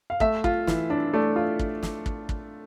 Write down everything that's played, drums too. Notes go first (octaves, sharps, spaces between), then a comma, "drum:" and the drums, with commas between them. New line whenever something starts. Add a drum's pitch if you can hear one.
F5
A3 E5, drum: kick
F4, drum: kick
E3, drum: snare
D4
A3 D5
F4
drum: kick
drum: snare
drum: kick
drum: kick